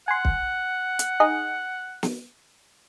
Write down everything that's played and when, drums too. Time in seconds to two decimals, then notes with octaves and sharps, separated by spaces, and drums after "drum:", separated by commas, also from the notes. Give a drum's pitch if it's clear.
0.08 F#5 G#5 C6
0.25 drum: kick
0.99 drum: hi-hat
1.20 D#4 G#4 D#5
2.03 drum: snare